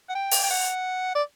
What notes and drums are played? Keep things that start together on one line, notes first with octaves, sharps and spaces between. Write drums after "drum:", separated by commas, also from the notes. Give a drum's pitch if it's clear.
F#5
G5
drum: open hi-hat
G5
F#5
D5